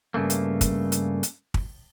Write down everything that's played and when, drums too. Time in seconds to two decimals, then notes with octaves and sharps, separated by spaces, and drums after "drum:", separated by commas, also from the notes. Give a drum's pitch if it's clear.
0.14 G2 C#3 A3 A#3
0.30 drum: hi-hat
0.61 drum: kick, hi-hat
0.92 drum: hi-hat
1.23 drum: hi-hat
1.54 drum: kick